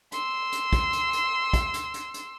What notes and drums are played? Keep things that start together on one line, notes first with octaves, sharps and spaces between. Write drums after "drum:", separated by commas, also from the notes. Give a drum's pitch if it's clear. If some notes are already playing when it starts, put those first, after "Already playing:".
C6 E6, drum: hi-hat
drum: hi-hat
drum: kick, hi-hat
drum: hi-hat
drum: hi-hat
drum: kick, hi-hat
drum: hi-hat
drum: hi-hat
drum: hi-hat